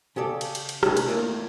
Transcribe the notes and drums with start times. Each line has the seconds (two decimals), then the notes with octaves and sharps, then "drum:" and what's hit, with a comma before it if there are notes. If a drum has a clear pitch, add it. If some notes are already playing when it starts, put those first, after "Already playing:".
0.16 C#3 G4 A4 D5
0.41 drum: cymbal
0.55 drum: cymbal
0.69 drum: cymbal
0.83 C3 D#3 G#3 A3 D4, drum: rim click
0.97 drum: cymbal
1.07 E2 A2 A#3 F4 A#4 E5